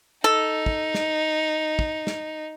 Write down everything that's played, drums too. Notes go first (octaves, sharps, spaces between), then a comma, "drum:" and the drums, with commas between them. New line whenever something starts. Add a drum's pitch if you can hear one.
D#4 A4
drum: kick
drum: snare
drum: kick
drum: snare